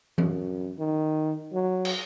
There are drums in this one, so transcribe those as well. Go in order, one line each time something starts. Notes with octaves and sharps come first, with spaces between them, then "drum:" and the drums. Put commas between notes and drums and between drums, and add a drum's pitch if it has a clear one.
F#2, drum: tom E3
D#3
F#3
drum: cymbal